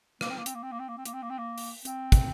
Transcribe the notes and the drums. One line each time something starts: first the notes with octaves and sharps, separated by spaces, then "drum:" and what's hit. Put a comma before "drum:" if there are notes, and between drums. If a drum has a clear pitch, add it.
A#3, drum: rim click
C4
A#3
C4, drum: hi-hat
A#3
C4
A#3
C4
A#3
C4
A#3, drum: hi-hat
C4
A#3
C4
A#3
drum: open hi-hat
C4, drum: hi-hat
drum: kick, hi-hat